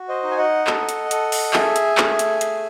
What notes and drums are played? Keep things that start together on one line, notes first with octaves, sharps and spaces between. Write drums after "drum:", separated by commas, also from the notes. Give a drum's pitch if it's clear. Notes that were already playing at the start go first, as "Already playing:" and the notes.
Already playing: F#4
C5 D#5
D#4
G#5
D#5 F#5
A4, drum: clap
drum: hi-hat
A4, drum: hi-hat
drum: open hi-hat
G#4 E5 G#5, drum: clap
drum: hi-hat
A3, drum: clap
drum: hi-hat
G#4, drum: hi-hat